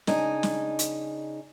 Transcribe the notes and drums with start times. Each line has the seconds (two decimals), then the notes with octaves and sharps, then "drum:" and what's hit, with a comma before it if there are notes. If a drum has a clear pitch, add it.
0.07 C#3 D4 D#4 G#5, drum: snare
0.43 drum: snare
0.79 drum: hi-hat